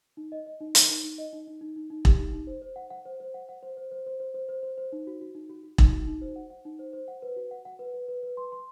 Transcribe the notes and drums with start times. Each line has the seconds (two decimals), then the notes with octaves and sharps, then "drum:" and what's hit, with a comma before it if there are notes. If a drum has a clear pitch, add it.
0.17 D#4
0.32 D#5
0.46 D#5
0.60 D#4
0.75 D#4, drum: hi-hat
0.89 D#4
1.04 D#4
1.18 D#5
1.33 D#4
1.47 D#4
1.61 D#4
1.76 D#4
1.90 D#4
2.05 G4, drum: kick E1
2.19 D#4
2.33 D#4
2.47 C5
2.62 C5
2.76 F#5
2.90 F#5
3.05 C5
3.20 C5
3.34 F#5
3.49 F#5
3.63 C5
3.77 C5
3.91 C5
4.06 C5
4.20 C5
4.34 C5
4.49 C5
4.63 C5
4.78 C5
4.92 D#4
5.07 F#4
5.21 F#4
5.35 D#4
5.49 F#4
5.63 F#4
5.78 D#4, drum: kick E1
5.92 F#4
6.07 D#4
6.21 C5
6.36 F#5
6.50 F#5
6.65 D#4
6.79 C5
6.93 C5
7.08 F#5
7.22 B4
7.36 F#4
7.51 F#5
7.65 F#5
7.79 B4
7.94 B4
8.08 B4
8.23 B4
8.37 C6
8.52 C6